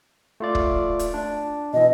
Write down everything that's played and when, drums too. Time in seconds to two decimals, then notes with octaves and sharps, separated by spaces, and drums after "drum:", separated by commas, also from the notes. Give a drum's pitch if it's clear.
0.40 A3 F4 D5
0.55 drum: kick
0.99 drum: hi-hat
1.14 D4
1.73 B2 E3 D#5